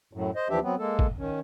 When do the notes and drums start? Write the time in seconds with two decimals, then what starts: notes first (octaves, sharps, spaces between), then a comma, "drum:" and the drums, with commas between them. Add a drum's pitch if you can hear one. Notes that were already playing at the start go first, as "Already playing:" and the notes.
0.13 F#2 A2
0.36 C5 D#5
0.50 D#2 E3 F3 D4 G4 E5
0.63 F#3 B3 C4
0.79 G#3 A#3 A4
0.99 drum: kick
1.19 D#3 C#4